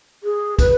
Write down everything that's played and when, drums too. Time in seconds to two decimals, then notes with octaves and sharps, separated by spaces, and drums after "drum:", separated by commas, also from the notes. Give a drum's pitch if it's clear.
0.23 G#4
0.59 B4, drum: kick, hi-hat